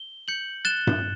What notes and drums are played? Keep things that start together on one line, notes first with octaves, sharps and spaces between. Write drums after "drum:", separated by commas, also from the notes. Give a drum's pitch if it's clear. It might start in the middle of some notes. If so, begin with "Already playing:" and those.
Already playing: G7
G6 C#7 F#7
F#6 A6 E7 G7
drum: tom G2